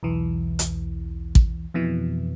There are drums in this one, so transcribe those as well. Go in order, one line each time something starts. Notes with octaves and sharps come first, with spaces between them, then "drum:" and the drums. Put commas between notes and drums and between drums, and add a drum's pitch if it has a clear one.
B1 E2 E3
drum: hi-hat
drum: kick
F2 B2 E3